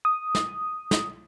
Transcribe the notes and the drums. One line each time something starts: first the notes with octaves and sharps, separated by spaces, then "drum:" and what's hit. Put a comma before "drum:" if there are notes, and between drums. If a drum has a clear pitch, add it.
D#6
drum: snare
drum: snare